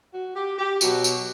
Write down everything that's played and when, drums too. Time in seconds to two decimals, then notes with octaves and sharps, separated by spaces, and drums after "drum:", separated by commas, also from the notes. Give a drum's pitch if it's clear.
0.13 F#4
0.36 G4
0.59 G4
0.81 B2 F#3 F#4, drum: tambourine
1.04 drum: tambourine